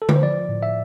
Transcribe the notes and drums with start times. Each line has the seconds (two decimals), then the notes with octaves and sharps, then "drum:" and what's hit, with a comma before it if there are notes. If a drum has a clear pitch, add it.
0.02 A4
0.09 B4, drum: tom D3
0.16 C5
0.23 F3 D5
0.49 A2
0.63 E5